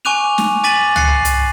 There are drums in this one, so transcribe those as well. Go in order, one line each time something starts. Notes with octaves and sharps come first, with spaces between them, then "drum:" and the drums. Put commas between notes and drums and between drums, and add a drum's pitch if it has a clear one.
G#5 C#6 D6 F#6 D#7 F7
drum: snare
G#5 D6 A6 B6 D#7 F#7
F#6 A6 C7 C#7, drum: tom
drum: hi-hat